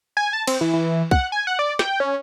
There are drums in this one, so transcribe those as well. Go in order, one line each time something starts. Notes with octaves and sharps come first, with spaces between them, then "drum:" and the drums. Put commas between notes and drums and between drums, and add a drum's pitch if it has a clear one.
G#5
A5
C4, drum: cymbal
E3
E3
F#5, drum: kick
G#5
F#5
D5
G5, drum: snare
C#4